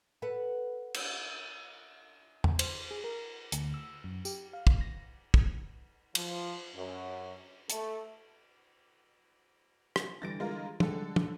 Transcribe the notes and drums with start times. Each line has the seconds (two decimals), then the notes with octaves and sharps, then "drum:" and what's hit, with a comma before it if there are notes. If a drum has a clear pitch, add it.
0.22 A4 B4 F#5
0.94 drum: cymbal
2.44 drum: tom
2.59 C5, drum: cymbal
2.91 G#4
3.04 A#4
3.52 D2, drum: hi-hat
3.74 E6
4.04 F#2
4.25 G4, drum: tambourine
4.53 F5
4.67 drum: kick
4.81 A#6
5.34 drum: kick
6.15 F3, drum: cymbal
6.74 F#2
7.70 A3, drum: hi-hat
9.96 drum: rim click
10.22 D3 E3 G3 A6 A#6 D7
10.40 G#3 F4 A#4
10.80 D3 G3 G#3 A4, drum: tom
11.16 drum: tom